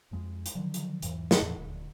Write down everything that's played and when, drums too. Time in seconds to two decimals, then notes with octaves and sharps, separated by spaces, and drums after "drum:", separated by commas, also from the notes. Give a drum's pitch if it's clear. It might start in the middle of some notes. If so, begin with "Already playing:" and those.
0.11 C2 F2 G#3
0.46 drum: hi-hat
0.55 D3 D#3 F3 F#3
0.74 drum: hi-hat
1.02 B1 E2 G#2 E3, drum: hi-hat
1.31 drum: snare
1.40 E2 A2
1.56 D#1 D2